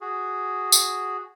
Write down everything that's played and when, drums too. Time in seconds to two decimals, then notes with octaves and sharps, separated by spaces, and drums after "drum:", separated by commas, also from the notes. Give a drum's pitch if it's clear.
0.01 F#4 G#4
0.72 drum: tambourine